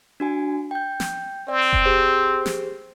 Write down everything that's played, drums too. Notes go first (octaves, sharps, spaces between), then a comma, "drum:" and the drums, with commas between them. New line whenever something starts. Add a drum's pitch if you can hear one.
D4 F#4 G#5
G5 G6
drum: snare
C4 D5
drum: kick F1
G4 G#4 C5
drum: snare